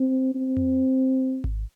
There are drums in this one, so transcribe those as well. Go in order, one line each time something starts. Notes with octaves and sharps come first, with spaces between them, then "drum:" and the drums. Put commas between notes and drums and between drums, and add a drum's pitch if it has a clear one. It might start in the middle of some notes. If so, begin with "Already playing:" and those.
Already playing: C4
C4
drum: tom F2
drum: kick G#1